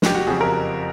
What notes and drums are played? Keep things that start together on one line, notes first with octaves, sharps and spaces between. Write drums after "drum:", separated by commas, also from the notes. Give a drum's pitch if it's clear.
F#1 G4, drum: snare
F#4
F2 C#3 F3 G#4
A#4